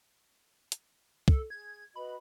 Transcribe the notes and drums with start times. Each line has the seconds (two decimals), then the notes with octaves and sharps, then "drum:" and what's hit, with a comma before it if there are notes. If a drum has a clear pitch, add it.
0.72 drum: hi-hat
1.28 A4, drum: kick
1.50 G#4 G#6
1.96 F#4 B4 D#5 B5